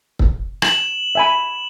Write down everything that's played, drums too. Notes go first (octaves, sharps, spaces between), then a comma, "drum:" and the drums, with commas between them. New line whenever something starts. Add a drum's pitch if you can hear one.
drum: kick
E7 F#7, drum: rim click
E5 G#5 B5